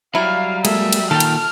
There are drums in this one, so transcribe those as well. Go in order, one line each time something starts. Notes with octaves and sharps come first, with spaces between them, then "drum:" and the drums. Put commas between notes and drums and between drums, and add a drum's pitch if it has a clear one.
F#3 G3 E4 F5
G#3 A#3 A4 E5, drum: cymbal
drum: cymbal
A#2 D#3 A4 G5 F6
drum: cymbal